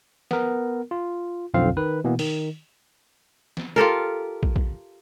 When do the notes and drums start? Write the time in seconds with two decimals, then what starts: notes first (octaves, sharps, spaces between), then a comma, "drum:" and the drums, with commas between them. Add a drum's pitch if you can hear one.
0.31 B3 A#4, drum: snare
0.91 F4
1.54 B1 F2 D3 C4 F4 F5
1.77 D#3 B4
2.04 B2 E3 A#3 B3
2.19 D#3, drum: open hi-hat
3.57 drum: snare
3.76 F4 G4 A4 A#4
4.43 drum: kick
4.56 drum: kick